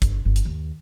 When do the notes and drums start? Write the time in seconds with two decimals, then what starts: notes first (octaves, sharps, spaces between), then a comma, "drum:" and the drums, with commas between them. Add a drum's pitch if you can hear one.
0.02 G1, drum: kick, hi-hat
0.25 G1
0.36 drum: hi-hat
0.45 D#2